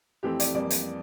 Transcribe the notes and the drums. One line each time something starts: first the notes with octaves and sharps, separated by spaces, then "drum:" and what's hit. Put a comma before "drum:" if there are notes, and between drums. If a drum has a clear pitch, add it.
F2 E3 A3 C4 G4
D5, drum: hi-hat
F2 E3 G3 A#3 D5
drum: hi-hat